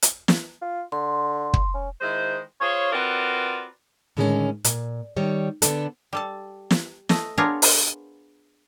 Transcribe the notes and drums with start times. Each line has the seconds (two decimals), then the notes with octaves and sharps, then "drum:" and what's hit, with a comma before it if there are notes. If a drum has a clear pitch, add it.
0.02 drum: hi-hat
0.28 drum: snare
0.62 F4
0.92 D3 C6
1.54 drum: kick
1.74 C#4
2.01 D#3 G#3 E4 C5
2.60 F4 G#4 C5 C#5
2.92 C4 F4 F#4 A#4 B4 D5
4.17 A2 D3 D#3 G#3 B3 C#4
4.64 A#2, drum: hi-hat
5.16 D#3 G3 C#5
5.62 D3 B3 D4 A4, drum: hi-hat
6.13 G3 A4 A5
6.71 drum: snare
7.09 A3 D#5, drum: snare
7.37 B3 D4 F4 G#4 A#4 C#5
7.62 drum: open hi-hat